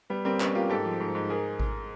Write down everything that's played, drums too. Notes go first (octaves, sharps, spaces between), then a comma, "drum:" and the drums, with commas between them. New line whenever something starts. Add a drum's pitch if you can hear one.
G3 B3
G3 A#3 C4
G3 B3 C#4, drum: clap
A#3 F4 G4
G#2 G4 A4
F3
G#2
G#2
G#4 A#4
drum: kick G#1